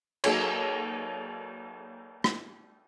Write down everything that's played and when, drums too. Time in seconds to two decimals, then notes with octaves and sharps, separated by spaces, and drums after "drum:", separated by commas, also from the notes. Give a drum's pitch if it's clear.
0.24 F#3 A#3 D#4 G#4 A4 C#5, drum: cymbal
2.24 drum: rim click